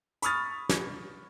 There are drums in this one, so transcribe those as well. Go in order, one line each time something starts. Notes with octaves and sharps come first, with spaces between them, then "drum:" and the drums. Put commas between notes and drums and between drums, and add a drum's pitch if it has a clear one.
B5 C#6 D#6 F6 A6, drum: hi-hat
drum: snare